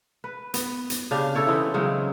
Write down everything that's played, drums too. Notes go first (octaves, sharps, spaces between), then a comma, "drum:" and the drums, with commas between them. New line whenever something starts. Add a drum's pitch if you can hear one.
B4
B3, drum: hi-hat
drum: hi-hat
C#3 D4 G4 F5
E4 A4 C#5 G5
E3 B3 C4 D#4
C#3 F#3 G#3 C4